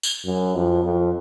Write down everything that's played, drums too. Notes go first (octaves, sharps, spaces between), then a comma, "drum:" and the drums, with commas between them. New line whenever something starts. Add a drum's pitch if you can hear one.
drum: tambourine
F#2
F2
F2